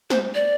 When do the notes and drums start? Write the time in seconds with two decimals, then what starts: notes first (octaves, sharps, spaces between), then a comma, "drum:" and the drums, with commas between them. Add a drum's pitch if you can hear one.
0.10 C5, drum: snare
0.35 D5